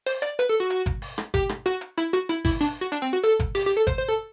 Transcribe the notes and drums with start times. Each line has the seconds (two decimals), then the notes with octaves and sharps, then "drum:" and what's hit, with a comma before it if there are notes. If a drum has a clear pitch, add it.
0.06 C5, drum: open hi-hat
0.22 D5, drum: hi-hat
0.39 B4, drum: hi-hat
0.49 A4
0.60 F#4
0.70 drum: hi-hat
0.86 drum: kick G#1, hi-hat
1.02 drum: open hi-hat
1.18 drum: rim click
1.34 G4, drum: kick G#1, hi-hat
1.49 drum: rim click
1.66 F#4, drum: hi-hat
1.81 drum: hi-hat
1.97 E4, drum: hi-hat
2.13 F#4, drum: hi-hat
2.29 E4, drum: hi-hat
2.45 E4, drum: kick G#1, open hi-hat
2.61 D4, drum: open hi-hat
2.81 F#4
2.92 D4, drum: hi-hat
3.02 C4
3.13 F#4
3.24 A4, drum: hi-hat
3.40 drum: kick G#1, hi-hat
3.55 G4, drum: open hi-hat
3.66 G4
3.77 A4
3.87 C5, drum: kick G#1, hi-hat
3.98 C5
4.08 A4